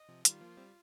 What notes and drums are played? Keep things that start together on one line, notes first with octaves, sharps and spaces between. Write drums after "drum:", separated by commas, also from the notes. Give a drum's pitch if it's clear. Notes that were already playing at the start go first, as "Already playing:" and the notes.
Already playing: D#5
C3 F3
D#3 G3 F4, drum: hi-hat
F3 A#3
G3 C4